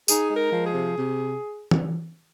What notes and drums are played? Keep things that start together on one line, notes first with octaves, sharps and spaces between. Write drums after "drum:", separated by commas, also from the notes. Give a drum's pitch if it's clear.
D#4 G#4, drum: tambourine
G#3
A#4
F3
G#4
C3
C3
drum: tom E3